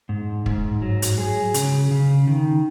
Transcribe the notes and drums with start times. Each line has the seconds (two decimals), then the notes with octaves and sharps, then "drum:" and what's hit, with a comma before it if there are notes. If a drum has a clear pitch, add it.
0.09 G#2
0.46 G#2, drum: kick
0.82 F#3
1.02 drum: hi-hat
1.18 G#4
1.54 C#3, drum: hi-hat
1.91 C#3
2.27 D#3